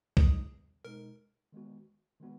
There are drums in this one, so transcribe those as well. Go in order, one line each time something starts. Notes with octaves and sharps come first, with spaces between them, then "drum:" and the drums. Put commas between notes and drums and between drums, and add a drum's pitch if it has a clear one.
B2 G#3 D#4 G#4, drum: kick B1
B2 G#3 D#4 A#4
D#3 G#3 B3 F#4
D#3 G#3 B3 F#4